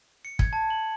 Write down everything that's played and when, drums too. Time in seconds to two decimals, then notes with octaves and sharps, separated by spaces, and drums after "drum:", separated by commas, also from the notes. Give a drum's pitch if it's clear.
0.25 C#7
0.39 G#6, drum: kick
0.53 A5
0.70 F#7